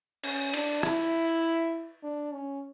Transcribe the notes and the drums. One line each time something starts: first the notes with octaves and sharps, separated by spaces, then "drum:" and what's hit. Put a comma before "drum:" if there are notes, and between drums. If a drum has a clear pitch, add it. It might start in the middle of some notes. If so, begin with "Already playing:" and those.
C#4, drum: cymbal
D4, drum: cymbal
E4, drum: rim click
D4
C#4